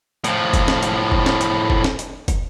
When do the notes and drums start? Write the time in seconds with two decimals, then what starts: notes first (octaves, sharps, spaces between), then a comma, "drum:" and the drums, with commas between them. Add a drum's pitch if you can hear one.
0.24 A2 F3, drum: hi-hat
0.53 drum: kick, hi-hat
0.68 drum: snare
0.83 drum: hi-hat
1.12 drum: kick
1.26 drum: snare
1.41 drum: hi-hat
1.70 drum: kick
1.84 drum: snare
1.99 drum: hi-hat
2.28 drum: kick, hi-hat